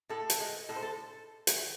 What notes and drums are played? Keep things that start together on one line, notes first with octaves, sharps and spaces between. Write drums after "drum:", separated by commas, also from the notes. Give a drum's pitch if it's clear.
A2 A4
drum: hi-hat
G#3
A2 A4
C5
A4
drum: hi-hat